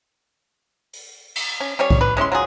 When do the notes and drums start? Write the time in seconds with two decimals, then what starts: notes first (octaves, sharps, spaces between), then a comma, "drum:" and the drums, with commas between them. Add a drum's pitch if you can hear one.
0.93 drum: open hi-hat
1.35 drum: cymbal
1.60 C#4
1.79 G3 C#4 C#5
1.90 drum: kick C2
2.01 B4
2.17 G#3 C#4 E4 C6
2.32 F#3 F4 G#4